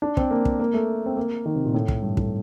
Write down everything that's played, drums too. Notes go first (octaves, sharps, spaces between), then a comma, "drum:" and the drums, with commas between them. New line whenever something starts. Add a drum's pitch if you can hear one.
D4
C4, drum: kick
A#3
drum: kick
A#3
A3
C4
A#3
D#3
C3
A#2
A2
drum: kick
G2
A2, drum: kick